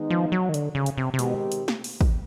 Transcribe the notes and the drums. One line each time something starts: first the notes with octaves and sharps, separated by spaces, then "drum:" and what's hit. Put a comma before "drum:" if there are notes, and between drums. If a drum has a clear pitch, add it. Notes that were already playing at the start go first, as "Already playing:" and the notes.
Already playing: D#3 G#3 B3 D#4
F3
F#3
D#3
D3, drum: hi-hat
C#3
drum: hi-hat
C3
C3
B2 D#3 G#3 C4 D#4 G4, drum: hi-hat
drum: hi-hat
drum: snare
drum: open hi-hat
drum: kick